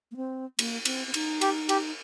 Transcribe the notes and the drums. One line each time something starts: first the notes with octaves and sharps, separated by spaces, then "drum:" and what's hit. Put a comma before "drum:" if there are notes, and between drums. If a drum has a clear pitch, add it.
A#3
C4
A#3, drum: cymbal
C4, drum: cymbal
C4
D#4, drum: cymbal
G4, drum: cymbal
G4, drum: cymbal